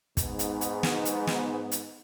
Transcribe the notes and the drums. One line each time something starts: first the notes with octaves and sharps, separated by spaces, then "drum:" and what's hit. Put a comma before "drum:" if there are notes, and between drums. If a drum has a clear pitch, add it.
G#2 B3, drum: kick, hi-hat
drum: hi-hat
drum: hi-hat
drum: snare
drum: hi-hat
drum: snare
drum: hi-hat